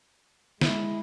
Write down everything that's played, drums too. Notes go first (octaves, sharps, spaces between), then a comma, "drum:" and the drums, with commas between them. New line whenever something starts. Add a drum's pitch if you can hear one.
G#3 E4, drum: snare